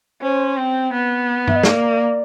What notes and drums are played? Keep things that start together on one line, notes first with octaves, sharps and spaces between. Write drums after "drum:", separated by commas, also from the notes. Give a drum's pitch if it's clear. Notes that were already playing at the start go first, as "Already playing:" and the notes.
C#4 C5
C4
B3
E5, drum: tom G2
D#5
A#3 D5, drum: snare